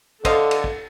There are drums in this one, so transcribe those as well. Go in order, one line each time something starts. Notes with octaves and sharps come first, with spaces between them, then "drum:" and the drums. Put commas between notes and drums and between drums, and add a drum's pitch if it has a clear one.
D3 A4 C5 D#5 F5, drum: kick, cymbal
drum: cymbal
drum: kick